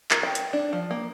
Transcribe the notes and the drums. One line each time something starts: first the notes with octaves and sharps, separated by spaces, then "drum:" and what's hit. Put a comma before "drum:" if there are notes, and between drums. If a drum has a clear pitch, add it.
A#4, drum: clap
G5
drum: hi-hat
D4
F3
A#3